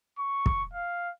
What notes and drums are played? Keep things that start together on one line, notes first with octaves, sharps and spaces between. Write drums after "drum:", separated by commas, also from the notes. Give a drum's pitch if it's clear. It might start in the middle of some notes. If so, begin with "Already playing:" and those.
C#6
drum: kick
F5